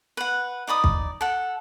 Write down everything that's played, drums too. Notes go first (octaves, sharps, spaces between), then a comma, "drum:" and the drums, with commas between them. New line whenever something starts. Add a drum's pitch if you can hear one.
B4 F#5
D#4 D5 B5 D#6
drum: kick
A4 F#5